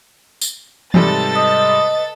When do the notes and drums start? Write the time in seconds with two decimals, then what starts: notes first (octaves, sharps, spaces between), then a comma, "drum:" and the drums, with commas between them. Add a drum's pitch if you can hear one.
0.41 drum: tambourine
0.94 G#2 C3 G3 A4 B4 A6, drum: tom E3
1.35 D#5 D#6